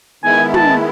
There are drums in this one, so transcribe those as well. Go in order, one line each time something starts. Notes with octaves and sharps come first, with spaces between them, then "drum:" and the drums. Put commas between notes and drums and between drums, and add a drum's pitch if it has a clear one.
D#3 G#3 B3 E4 G#5
A5, drum: tom